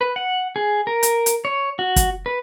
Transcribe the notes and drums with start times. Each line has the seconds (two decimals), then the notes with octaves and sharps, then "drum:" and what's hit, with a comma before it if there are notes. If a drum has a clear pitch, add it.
0.01 B4
0.16 F#5
0.56 G#4
0.87 A#4
1.03 drum: hi-hat
1.26 drum: hi-hat
1.45 C#5
1.79 F#4
1.96 drum: kick, hi-hat
2.26 B4